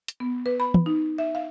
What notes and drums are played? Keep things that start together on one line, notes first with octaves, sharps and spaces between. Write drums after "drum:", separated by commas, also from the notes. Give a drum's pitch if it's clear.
drum: hi-hat
B3
B4
B5
drum: tom
D#4
E5
F5